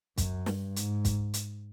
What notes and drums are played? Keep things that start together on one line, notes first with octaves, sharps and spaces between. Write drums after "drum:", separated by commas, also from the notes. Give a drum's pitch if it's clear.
F#2, drum: kick, hi-hat
G2, drum: snare
G#2, drum: hi-hat
drum: kick, hi-hat
drum: hi-hat